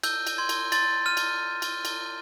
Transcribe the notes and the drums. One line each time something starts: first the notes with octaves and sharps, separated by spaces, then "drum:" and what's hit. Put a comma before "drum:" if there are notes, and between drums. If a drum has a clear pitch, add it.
E6 G6, drum: cymbal
drum: cymbal
C6 G#6
drum: cymbal
C6 A6, drum: cymbal
F6 D#7
drum: cymbal
drum: cymbal
drum: cymbal